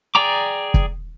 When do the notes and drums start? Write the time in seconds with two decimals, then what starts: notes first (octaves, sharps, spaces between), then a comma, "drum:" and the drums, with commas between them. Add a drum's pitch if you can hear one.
0.15 G#4 D5 G5 A#5 D6
0.74 drum: kick